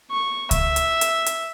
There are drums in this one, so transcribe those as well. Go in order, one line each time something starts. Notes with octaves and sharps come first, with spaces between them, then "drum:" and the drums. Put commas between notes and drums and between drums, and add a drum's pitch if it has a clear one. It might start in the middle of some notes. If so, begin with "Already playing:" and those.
C#6
E5, drum: kick C#2, hi-hat
drum: hi-hat
drum: hi-hat
drum: hi-hat